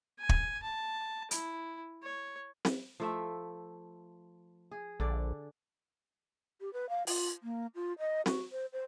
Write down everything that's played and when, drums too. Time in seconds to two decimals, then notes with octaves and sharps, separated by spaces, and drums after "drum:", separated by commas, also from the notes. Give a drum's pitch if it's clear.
0.20 G#5
0.29 drum: kick
0.63 A5
1.31 E4, drum: hi-hat
2.03 C#5
2.65 drum: snare C4
3.00 F3 A3 E5
4.71 G#4
5.00 A#1 D3 D5
6.61 G4
6.73 B4
6.89 F5
7.07 F4, drum: open hi-hat
7.43 A#3
7.75 F4
7.99 D#5
8.26 F#4, drum: snare C4
8.52 C5
8.73 C5